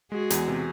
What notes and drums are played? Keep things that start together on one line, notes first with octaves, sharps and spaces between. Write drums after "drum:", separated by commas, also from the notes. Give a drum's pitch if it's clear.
G#3 F#4 G#4
E2, drum: hi-hat
C3